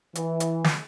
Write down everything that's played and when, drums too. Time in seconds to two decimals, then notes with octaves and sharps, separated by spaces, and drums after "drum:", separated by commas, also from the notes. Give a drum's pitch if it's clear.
0.15 E3, drum: hi-hat
0.40 drum: hi-hat
0.64 drum: snare